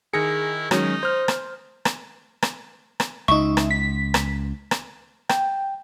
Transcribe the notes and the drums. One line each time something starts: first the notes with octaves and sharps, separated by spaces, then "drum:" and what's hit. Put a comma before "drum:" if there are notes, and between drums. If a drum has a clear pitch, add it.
D#3 E4 G#4 A#6 C#7
D#3 F#3 G#3 C#4 D#4, drum: rim click
C5 F6 G6
drum: rim click
drum: rim click
drum: rim click
drum: rim click
C#2 D#4 E5 C#6
drum: rim click
B6
drum: rim click
drum: rim click
G5, drum: rim click